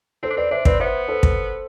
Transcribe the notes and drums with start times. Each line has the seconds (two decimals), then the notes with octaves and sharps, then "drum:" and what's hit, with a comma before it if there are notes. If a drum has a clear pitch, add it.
0.23 C4 A4 C5
0.30 D4
0.37 C4 B4 D5
0.51 D4 C5 E5
0.65 C4 B4 D5, drum: kick
0.80 B3 C5 E5
1.08 A4 C5
1.23 drum: kick